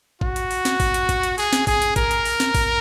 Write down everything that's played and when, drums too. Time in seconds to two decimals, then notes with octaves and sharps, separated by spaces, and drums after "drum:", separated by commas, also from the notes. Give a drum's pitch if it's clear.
0.21 F#4, drum: kick G#1
0.36 drum: hi-hat
0.51 drum: open hi-hat
0.65 drum: snare
0.80 drum: kick G#1, open hi-hat
0.94 drum: hi-hat
1.09 drum: kick G#1, hi-hat
1.23 drum: hi-hat
1.38 G#4, drum: open hi-hat
1.53 drum: snare
1.67 G#4, drum: kick G#1, open hi-hat
1.82 drum: hi-hat
1.96 A#4, drum: kick G#1, hi-hat
2.11 drum: hi-hat
2.25 drum: open hi-hat
2.40 drum: snare
2.55 drum: kick G#1, open hi-hat